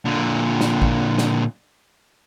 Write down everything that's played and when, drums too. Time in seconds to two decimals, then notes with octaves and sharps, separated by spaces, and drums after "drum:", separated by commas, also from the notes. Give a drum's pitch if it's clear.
0.05 A#2 D3
0.61 drum: snare
0.82 drum: kick A1
1.18 drum: snare